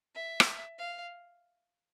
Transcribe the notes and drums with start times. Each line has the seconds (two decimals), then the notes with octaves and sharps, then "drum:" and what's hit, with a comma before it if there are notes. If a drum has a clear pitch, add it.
0.14 E5
0.40 drum: rim click
0.78 F5